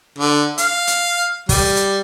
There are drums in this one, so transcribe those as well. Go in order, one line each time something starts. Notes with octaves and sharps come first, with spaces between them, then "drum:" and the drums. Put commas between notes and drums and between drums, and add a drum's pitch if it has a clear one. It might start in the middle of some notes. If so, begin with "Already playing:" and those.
D3
F5, drum: hi-hat
drum: hi-hat
G3, drum: kick, open hi-hat
drum: hi-hat